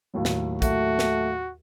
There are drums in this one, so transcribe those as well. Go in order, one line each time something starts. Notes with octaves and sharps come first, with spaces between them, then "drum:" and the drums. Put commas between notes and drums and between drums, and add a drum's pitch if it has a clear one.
D#2 A2 F#3
drum: snare
A3 F#4, drum: kick, hi-hat
drum: snare